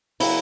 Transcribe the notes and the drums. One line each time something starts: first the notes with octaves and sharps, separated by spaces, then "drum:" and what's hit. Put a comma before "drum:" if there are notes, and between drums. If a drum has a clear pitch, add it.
C#3 F#3 E4, drum: open hi-hat